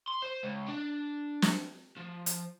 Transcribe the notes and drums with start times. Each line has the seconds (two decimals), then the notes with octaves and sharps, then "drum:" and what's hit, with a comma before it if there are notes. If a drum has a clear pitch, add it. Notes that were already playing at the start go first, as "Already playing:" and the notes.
0.08 C6
0.22 C5
0.43 C#2
0.68 D4
1.42 drum: snare
1.97 F3
2.26 drum: hi-hat